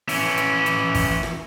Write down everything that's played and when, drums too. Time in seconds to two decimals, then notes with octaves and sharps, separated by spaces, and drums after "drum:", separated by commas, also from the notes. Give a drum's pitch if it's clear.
0.09 E3 C#4, drum: open hi-hat
0.37 drum: hi-hat
0.66 drum: hi-hat
0.95 drum: kick G#1, open hi-hat
1.23 drum: rim click